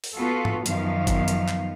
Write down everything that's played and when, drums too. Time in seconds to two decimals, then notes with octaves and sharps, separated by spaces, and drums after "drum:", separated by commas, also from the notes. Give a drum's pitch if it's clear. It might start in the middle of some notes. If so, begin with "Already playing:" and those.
0.04 drum: open hi-hat
0.16 B3 F4 F#4 A4
0.45 drum: tom G#2
0.66 F#2 D#3 F3 B3 F5, drum: hi-hat
1.07 drum: kick G1, hi-hat
1.28 drum: hi-hat
1.48 drum: clap